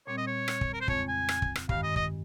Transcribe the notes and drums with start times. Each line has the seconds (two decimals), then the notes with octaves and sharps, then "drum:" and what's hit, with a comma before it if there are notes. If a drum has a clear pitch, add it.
0.07 A#2 G3 C4 C#5
0.17 D#5
0.27 C#5
0.48 drum: rim click
0.61 drum: kick
0.73 A#4
0.81 C5
0.88 F2 C#3 G#3 C4 C#5, drum: kick
1.08 G#5
1.29 drum: rim click
1.42 drum: kick
1.56 drum: rim click
1.69 G2 D#3 G#3 F5, drum: kick
1.83 D#5
1.96 D#5, drum: kick